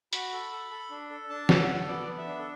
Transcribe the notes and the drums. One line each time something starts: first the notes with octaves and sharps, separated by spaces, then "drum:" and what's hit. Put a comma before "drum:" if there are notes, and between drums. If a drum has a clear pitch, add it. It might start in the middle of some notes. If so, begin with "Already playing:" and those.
F#4 B5, drum: hi-hat
A4
A4
A4
D4
A4
D4 A5
A4, drum: snare
F#5
A4
B3 D5
B3
E5
D4
A4